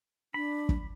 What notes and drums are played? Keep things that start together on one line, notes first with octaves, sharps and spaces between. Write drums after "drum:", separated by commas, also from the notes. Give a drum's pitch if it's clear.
D4 B5
drum: kick